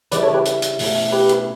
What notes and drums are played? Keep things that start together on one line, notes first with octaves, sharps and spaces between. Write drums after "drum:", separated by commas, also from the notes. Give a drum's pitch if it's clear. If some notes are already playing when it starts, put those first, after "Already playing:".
C#3 G3 C#4 E4 B4 D5, drum: hi-hat
A4 C#5
G4 B4
drum: hi-hat
drum: hi-hat
B2 A3 C#4 E4, drum: open hi-hat
G4 B4
drum: hi-hat